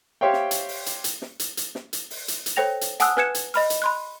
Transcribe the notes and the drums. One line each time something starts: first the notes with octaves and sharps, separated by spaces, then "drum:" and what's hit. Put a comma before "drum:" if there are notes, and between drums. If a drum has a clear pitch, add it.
G4 C5 C#5 E5 F5 G5
drum: snare
drum: hi-hat
drum: open hi-hat
drum: hi-hat
drum: hi-hat
drum: snare
drum: hi-hat
drum: hi-hat
drum: snare
drum: hi-hat
drum: open hi-hat
drum: hi-hat
drum: hi-hat
A4 C5 C#5 G5 A#6 F7
drum: hi-hat
F#5 G#5 A5 D#6 E6 F#6, drum: hi-hat
B4 G#5 F#6 G#6 C#7 E7, drum: snare
drum: hi-hat
D#5 B5 F6, drum: open hi-hat
drum: hi-hat
B5 C6 F#6